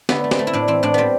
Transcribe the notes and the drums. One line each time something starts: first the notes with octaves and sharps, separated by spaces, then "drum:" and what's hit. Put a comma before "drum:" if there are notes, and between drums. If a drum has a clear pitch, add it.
D3 B3, drum: snare
A3
C4, drum: snare
A3
E4
A2 D4
E3 C4
A2 D4
G3 B3 C4